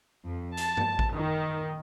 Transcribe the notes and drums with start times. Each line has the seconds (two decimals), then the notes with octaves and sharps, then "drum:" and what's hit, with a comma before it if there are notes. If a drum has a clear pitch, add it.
0.24 F2
0.57 A5, drum: hi-hat
0.77 drum: tom G2
0.99 drum: kick A1
1.13 D#3